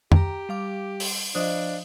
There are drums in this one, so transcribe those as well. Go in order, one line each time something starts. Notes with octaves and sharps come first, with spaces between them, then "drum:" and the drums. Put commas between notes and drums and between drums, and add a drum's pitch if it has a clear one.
G4 G5 A#5, drum: tom
G3 F5 D6
drum: open hi-hat
F3 D4 C5 D#5 F5 D#6